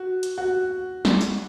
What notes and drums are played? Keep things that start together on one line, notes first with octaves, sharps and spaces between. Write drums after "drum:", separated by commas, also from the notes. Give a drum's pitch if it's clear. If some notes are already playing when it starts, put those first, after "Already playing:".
Already playing: F#4
drum: hi-hat
F#4
drum: snare
drum: tambourine